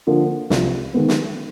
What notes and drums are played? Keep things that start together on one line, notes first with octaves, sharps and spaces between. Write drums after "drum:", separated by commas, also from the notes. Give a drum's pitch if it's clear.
D3 F3 A#3
C2 C3 F3, drum: snare
D#3 G#3 B3
drum: snare